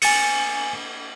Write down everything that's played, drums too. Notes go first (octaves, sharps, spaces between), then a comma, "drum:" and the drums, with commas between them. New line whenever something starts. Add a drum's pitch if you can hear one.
G#5 A6 C#7, drum: cymbal